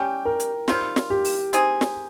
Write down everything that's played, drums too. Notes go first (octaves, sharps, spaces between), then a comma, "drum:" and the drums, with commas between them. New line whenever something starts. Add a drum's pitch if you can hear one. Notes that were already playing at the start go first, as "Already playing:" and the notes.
Already playing: G3 C#4 G4 G5
A#4
drum: hi-hat
D#3 G3 C4 F4, drum: snare
drum: snare
G4
drum: open hi-hat
C4 D#4 G#4, drum: hi-hat
drum: snare